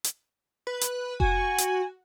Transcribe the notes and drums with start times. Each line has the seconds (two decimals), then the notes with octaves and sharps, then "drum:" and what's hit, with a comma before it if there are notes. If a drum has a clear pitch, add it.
0.04 drum: hi-hat
0.67 B4
0.81 drum: hi-hat
1.20 F#4 G#5, drum: kick F1
1.58 drum: hi-hat